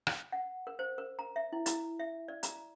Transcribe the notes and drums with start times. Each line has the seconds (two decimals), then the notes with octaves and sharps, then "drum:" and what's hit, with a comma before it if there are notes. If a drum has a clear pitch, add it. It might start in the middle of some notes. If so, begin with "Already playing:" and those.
0.07 drum: rim click
0.32 F#5
0.67 A#4
0.79 C5
0.98 A#4
1.19 A#5
1.36 E5
1.52 E4
1.66 E4, drum: hi-hat
1.99 E5
2.28 D5
2.43 A#5, drum: hi-hat